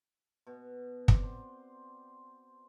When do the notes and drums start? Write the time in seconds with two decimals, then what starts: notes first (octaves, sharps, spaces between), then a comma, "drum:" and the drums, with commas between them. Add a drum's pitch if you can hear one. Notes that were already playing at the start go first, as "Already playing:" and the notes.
0.47 B2
1.08 C4 D5, drum: kick
1.23 C5